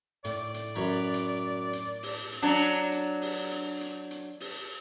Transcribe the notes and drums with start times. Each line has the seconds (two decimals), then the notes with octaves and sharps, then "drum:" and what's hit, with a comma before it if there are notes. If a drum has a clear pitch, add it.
0.25 A2 D5, drum: hi-hat
0.54 drum: hi-hat
0.75 F#2 F#3 B5
1.14 drum: hi-hat
1.73 drum: hi-hat
2.03 drum: open hi-hat
2.32 drum: hi-hat
2.42 F#3 D4
2.62 drum: hi-hat
2.92 drum: hi-hat
3.22 drum: open hi-hat
3.51 drum: hi-hat
3.81 drum: hi-hat
4.11 drum: hi-hat
4.40 drum: open hi-hat